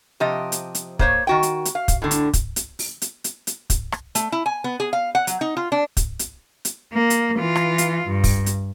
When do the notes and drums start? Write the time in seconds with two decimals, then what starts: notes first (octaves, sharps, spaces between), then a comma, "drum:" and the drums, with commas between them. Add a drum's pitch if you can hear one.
0.20 C3 F3 G4 D#5
0.52 drum: hi-hat
0.75 drum: hi-hat
0.99 A#3 C5 C#5, drum: kick
1.27 D#3 F#4 G5
1.43 drum: hi-hat
1.65 drum: hi-hat
1.75 F5
1.88 drum: kick, hi-hat
2.02 A2 D3
2.11 drum: hi-hat
2.33 drum: kick, hi-hat
2.56 drum: hi-hat
2.79 drum: open hi-hat
3.02 drum: hi-hat
3.24 drum: hi-hat
3.47 drum: hi-hat
3.70 drum: kick, hi-hat
3.92 drum: rim click
4.15 A3, drum: hi-hat
4.32 E4
4.46 G#5
4.64 B3
4.80 G#4
4.93 F5
5.15 F#5
5.27 F#3, drum: hi-hat
5.41 D#4
5.57 F4
5.72 D4
5.97 drum: kick, hi-hat
6.19 drum: hi-hat
6.65 drum: hi-hat
6.93 A#3
7.10 drum: hi-hat
7.39 E3 F4
7.56 drum: rim click
7.78 drum: hi-hat
8.07 G2
8.24 drum: kick, open hi-hat
8.46 drum: hi-hat